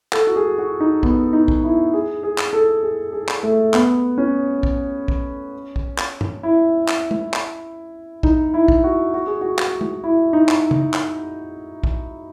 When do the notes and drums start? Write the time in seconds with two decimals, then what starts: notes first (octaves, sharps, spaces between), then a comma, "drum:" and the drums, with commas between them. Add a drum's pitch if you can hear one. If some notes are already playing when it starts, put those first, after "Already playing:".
0.13 A4, drum: clap
0.27 F#4
0.36 G#4
0.58 F#4
0.80 D#4
1.03 B3, drum: kick
1.33 D#4
1.48 drum: kick
1.64 E4
1.93 G#4
2.23 G#4
2.38 drum: clap
2.53 A4
2.83 G#4
3.13 G#4
3.28 drum: clap
3.43 A3
3.74 B3, drum: clap
4.18 C#4
4.63 drum: kick
5.08 drum: kick
5.76 drum: kick
5.98 drum: clap
6.21 drum: tom
6.43 E4
6.88 drum: clap
7.11 drum: tom
7.33 drum: clap
8.23 D#4, drum: kick
8.54 E4
8.68 drum: kick
8.84 F#4
9.14 F#4
9.27 G#4
9.41 F#4
9.58 drum: clap
9.81 drum: tom
10.04 E4
10.33 D#4
10.48 drum: clap
10.71 drum: tom
10.93 drum: clap
11.84 drum: kick